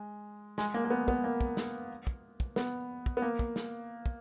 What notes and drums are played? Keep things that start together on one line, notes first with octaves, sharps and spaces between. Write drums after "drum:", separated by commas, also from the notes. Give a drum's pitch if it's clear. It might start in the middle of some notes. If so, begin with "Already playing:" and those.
Already playing: G#3
G#3, drum: snare
A#3
A#3
B3
B3, drum: kick
A#3
drum: kick
drum: snare
drum: kick
drum: kick
B3, drum: snare
drum: kick
B3
A#3
drum: kick
drum: snare
drum: kick